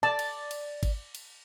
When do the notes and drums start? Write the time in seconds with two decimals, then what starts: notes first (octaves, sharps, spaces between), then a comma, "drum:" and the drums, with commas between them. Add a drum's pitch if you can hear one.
0.03 D5 A5
0.19 drum: cymbal
0.51 drum: cymbal
0.83 drum: kick G#1, cymbal
1.15 drum: cymbal